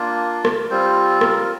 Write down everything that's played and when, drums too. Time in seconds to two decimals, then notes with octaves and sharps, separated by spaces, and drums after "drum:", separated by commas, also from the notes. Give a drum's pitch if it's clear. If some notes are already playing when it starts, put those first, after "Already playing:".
Already playing: A#3 D4 F4
0.45 drum: rim click
0.70 G3 C4 F4 C5
1.21 A#4, drum: rim click